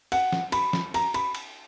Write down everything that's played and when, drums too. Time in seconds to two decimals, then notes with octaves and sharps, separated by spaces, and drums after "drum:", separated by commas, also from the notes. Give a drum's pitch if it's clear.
0.12 F#5, drum: cymbal
0.33 drum: snare
0.52 B5, drum: cymbal
0.73 drum: snare
0.94 A#5, drum: cymbal
1.14 B5, drum: cymbal
1.35 drum: cymbal